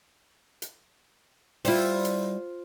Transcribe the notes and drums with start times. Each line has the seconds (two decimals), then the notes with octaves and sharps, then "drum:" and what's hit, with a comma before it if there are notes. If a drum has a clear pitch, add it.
0.62 drum: hi-hat
1.65 G3 E4 F4 C5, drum: open hi-hat
2.05 drum: hi-hat